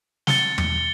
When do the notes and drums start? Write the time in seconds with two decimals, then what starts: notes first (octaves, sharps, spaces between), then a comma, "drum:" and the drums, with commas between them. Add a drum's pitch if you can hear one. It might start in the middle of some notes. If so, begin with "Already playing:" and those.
0.27 A6 C#7 G7, drum: snare
0.58 drum: tom